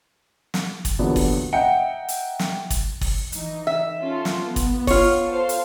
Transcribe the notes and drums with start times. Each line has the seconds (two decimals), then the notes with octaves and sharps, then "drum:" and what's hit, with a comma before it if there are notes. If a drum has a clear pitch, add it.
0.54 drum: snare
0.85 drum: kick, hi-hat
0.99 E2 A#2 D3 F#3 G3 B3
1.16 drum: kick, open hi-hat
1.53 D#5 E5 F#5 G5 A#5 C#7
2.08 drum: hi-hat
2.39 drum: snare
2.70 drum: kick, hi-hat
3.01 drum: kick, open hi-hat
3.32 E3 D#4, drum: hi-hat
3.67 E5
4.00 C#4 F4 A4
4.25 drum: snare
4.41 B3
4.56 drum: kick, hi-hat
4.87 F4 C#5, drum: kick, open hi-hat
5.27 A4 C5 F5
5.49 drum: hi-hat